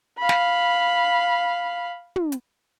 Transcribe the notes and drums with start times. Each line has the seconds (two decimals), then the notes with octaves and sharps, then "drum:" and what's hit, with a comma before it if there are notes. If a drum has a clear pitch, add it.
0.19 F5 B5
0.29 drum: snare
2.16 drum: tom
2.32 drum: hi-hat